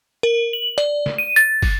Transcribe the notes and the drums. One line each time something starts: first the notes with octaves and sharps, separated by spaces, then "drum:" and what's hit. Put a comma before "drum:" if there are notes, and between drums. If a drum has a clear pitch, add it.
A#4
F#7
D5, drum: hi-hat
drum: snare
D#7
A6, drum: hi-hat
drum: kick, open hi-hat